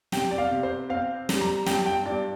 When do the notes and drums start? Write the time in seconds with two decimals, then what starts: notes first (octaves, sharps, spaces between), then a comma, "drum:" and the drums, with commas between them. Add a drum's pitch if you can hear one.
0.12 C3 G5, drum: snare
0.31 D5
0.38 F5
0.51 C3
0.63 C5
0.90 C4 F5
1.29 G3, drum: snare
1.41 A#5
1.66 G2 G5, drum: snare
1.86 G5
2.06 G2 D5